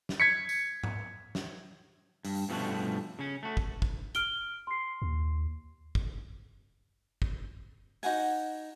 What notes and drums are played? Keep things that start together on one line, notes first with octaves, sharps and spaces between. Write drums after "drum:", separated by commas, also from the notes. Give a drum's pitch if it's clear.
drum: snare
G#6 B6 C#7
drum: tambourine
drum: tom G#2
drum: snare
G2, drum: open hi-hat
G2 B2 F3 A3 C#4 F#4
C#3 C#4
A3 F#4
drum: kick
drum: kick
F6 D7 G7, drum: hi-hat
C6 C7
D#2
drum: kick
drum: kick
D#4 F#4 F#5 G#5, drum: open hi-hat